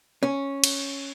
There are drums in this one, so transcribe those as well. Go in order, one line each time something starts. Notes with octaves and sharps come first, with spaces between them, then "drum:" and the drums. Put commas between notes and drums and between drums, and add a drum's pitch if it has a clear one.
C#4
drum: cymbal